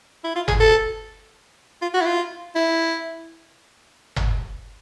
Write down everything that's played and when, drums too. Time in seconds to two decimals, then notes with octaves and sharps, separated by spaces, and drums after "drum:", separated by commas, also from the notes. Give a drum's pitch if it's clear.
0.24 E4
0.36 F4
0.48 G#4, drum: tom G1
0.60 A4
1.82 F4
1.94 F#4
2.01 E4
2.06 F4
2.55 E4
4.16 drum: tom G1